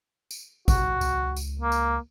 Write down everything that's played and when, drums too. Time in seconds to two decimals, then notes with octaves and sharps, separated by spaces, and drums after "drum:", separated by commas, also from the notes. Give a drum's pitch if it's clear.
0.31 drum: tambourine
0.68 B1 F#4, drum: kick G#1, tambourine
1.01 C#2, drum: tambourine
1.37 drum: tambourine
1.61 A#3
1.72 drum: tambourine